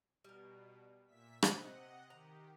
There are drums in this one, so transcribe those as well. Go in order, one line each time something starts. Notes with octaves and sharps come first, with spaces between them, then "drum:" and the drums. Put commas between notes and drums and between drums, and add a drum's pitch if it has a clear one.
B2 G3 A#4
A#2 E5 B6
C3 C4 D#5 F#5, drum: rim click
D#3 G4 A#5